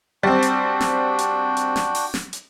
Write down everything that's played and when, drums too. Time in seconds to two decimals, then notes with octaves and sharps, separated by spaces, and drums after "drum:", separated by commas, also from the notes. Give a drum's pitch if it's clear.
0.23 G3 C4 D4 F#4 G5
0.42 drum: hi-hat
0.81 drum: snare
1.19 drum: hi-hat
1.57 drum: hi-hat
1.76 drum: snare
1.95 drum: open hi-hat
2.14 drum: snare
2.33 drum: hi-hat